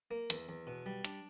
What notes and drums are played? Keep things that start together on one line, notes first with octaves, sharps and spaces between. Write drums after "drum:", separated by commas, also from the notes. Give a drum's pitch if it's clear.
A#3
E2, drum: hi-hat
E2
B2
G3
D4, drum: hi-hat